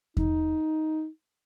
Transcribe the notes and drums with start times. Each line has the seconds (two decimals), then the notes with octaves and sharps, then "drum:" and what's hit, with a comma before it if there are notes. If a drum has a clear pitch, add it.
0.17 D#4, drum: kick E2